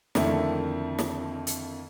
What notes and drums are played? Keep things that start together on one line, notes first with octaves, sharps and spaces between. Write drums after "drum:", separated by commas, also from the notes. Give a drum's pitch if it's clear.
F2 D3 D#3 A3 A#3 E4, drum: snare
drum: snare
drum: hi-hat